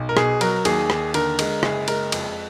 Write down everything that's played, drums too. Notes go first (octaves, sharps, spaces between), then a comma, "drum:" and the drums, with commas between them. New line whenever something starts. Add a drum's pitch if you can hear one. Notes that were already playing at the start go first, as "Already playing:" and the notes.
Already playing: B1
A#4
B2 G#4, drum: rim click
F#3 A#4, drum: cymbal
D#2 G#4, drum: cymbal
D#2, drum: rim click
D3 A#4, drum: cymbal
G#3, drum: cymbal
F#1 G#4, drum: rim click
G#3 A#4, drum: cymbal
F2, drum: cymbal